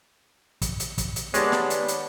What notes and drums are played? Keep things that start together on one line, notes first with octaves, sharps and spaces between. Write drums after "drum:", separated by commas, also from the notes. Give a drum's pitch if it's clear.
drum: kick, hi-hat
drum: hi-hat
drum: kick, hi-hat
drum: hi-hat
D#3 G#3 B3 G4 G#4 C#5 D5 A5, drum: hi-hat
drum: snare
drum: hi-hat
drum: hi-hat